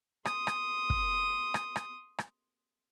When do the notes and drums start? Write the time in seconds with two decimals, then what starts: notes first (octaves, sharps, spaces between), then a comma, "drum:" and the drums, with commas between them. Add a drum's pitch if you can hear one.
0.25 C6 D#6, drum: rim click
0.47 drum: rim click
0.90 drum: kick
1.54 drum: rim click
1.76 drum: rim click
2.19 drum: rim click